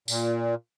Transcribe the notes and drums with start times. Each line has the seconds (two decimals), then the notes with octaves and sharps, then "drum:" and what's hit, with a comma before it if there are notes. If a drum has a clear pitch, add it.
0.08 A#2, drum: tambourine